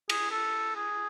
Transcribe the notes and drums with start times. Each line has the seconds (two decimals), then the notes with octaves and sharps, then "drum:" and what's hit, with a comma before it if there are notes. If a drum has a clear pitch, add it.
0.09 G#4, drum: cymbal
0.31 A4
0.76 G#4